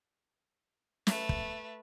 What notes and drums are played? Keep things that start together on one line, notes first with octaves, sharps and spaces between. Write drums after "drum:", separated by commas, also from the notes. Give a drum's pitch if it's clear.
A3 B4, drum: snare
drum: kick